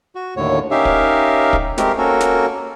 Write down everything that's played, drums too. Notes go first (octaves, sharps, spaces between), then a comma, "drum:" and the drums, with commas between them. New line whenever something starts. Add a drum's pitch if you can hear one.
F#4
D#2 A2 D3 C#5
C#4 D#4 G4 A#4 E5 F5
drum: kick
drum: kick
G#3 A3 C4 G4 A#4, drum: snare
A#3 C#4 F#4 A4 A#4
drum: snare